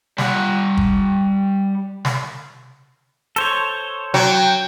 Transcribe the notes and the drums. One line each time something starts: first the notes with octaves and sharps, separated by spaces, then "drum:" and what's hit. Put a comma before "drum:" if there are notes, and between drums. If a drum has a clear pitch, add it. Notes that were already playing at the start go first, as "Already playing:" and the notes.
G3 F#5, drum: snare
drum: kick
drum: snare
A4 C5 C#5, drum: hi-hat
F#3 G5, drum: snare